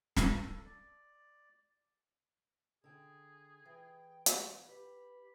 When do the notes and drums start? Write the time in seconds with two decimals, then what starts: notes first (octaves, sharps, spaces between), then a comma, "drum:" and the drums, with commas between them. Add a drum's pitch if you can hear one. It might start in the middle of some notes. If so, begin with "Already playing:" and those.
0.17 A4, drum: snare
0.66 D5
2.84 D3 G#4 G5
3.65 E3 G5
4.26 drum: hi-hat
4.69 G4 B4 B5